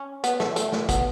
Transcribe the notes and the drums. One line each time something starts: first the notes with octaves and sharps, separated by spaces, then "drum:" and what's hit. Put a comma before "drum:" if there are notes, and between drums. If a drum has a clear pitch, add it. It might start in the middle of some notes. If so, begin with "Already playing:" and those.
Already playing: C#4
B3, drum: hi-hat
A3, drum: snare
A3, drum: hi-hat
drum: snare
B3, drum: kick, hi-hat